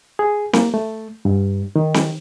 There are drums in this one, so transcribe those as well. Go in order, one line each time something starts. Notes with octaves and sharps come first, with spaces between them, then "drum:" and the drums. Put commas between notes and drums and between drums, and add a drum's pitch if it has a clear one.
G#4
A#3, drum: snare C4
A3
G2
D#3
drum: snare C4